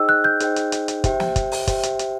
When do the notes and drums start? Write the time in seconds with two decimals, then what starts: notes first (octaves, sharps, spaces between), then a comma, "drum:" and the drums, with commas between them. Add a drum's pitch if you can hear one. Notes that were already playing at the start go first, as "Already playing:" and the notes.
Already playing: D#4 G#4 C5 D#5 G5 E6
0.09 F#6
0.24 G6
0.40 D#4 G#4 C5 D#5 G5, drum: hi-hat
0.56 drum: hi-hat
0.72 drum: hi-hat
0.88 drum: hi-hat
1.04 G4 C5 E5 G5, drum: kick, hi-hat
1.20 drum: snare
1.36 drum: kick, hi-hat
1.52 drum: open hi-hat
1.67 G4 C5 E5 G5, drum: kick, hi-hat
1.83 drum: hi-hat
1.99 drum: hi-hat